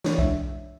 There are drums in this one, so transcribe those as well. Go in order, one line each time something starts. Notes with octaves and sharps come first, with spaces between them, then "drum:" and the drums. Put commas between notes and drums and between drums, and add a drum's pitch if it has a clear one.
E3 G#3 D4 C#5, drum: snare
E5, drum: kick B1